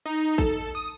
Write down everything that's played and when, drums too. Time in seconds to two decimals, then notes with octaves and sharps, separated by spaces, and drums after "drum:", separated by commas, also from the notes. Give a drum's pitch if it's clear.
0.06 D#4
0.38 A4, drum: kick
0.75 D#6